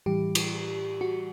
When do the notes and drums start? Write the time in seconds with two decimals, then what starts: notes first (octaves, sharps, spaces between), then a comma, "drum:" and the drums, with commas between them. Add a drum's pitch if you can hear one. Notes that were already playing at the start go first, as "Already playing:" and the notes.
0.06 A2 E3 G3 G4
0.35 drum: cymbal
1.01 F#4